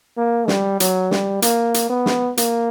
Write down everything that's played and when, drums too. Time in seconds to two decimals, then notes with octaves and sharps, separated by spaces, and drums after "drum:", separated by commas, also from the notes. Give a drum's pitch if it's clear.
0.17 A#3
0.48 G3, drum: snare
0.80 F#3, drum: hi-hat
1.11 G3, drum: snare
1.42 A#3, drum: hi-hat
1.74 drum: hi-hat
1.90 B3
2.06 drum: snare
2.37 A#3, drum: hi-hat